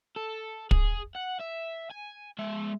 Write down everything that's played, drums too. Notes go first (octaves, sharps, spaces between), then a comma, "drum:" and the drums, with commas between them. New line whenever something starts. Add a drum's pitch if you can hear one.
A4
G#4, drum: kick
F#5
E5
G#5
G#3 E5